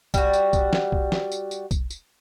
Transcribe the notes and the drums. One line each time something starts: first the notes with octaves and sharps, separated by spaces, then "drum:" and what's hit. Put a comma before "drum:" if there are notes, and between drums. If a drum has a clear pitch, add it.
G3 F#4, drum: kick B1, tambourine
drum: tambourine
drum: kick B1, tambourine
drum: snare
drum: kick B1
drum: snare
drum: tambourine
drum: tambourine
drum: kick B1, tambourine
drum: tambourine